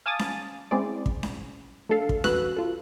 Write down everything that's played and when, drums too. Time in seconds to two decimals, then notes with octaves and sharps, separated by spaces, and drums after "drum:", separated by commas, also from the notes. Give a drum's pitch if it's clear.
0.06 F5 G#5 A5 D6 D#6 A6
0.19 drum: snare C#4
0.71 G#3 C4 C#4 E4 G#4 D5
1.06 drum: kick
1.23 drum: snare C#4
1.89 A3 D4 A4 F5
2.09 drum: kick
2.24 E2 F#4 B4 E6 F#6, drum: snare C#4
2.57 F4 A4